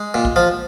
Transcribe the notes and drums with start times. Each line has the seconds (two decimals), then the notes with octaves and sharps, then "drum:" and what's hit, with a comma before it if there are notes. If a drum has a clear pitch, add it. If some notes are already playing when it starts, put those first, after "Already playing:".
Already playing: G#3
0.14 A#2
0.25 drum: kick A#1
0.36 F3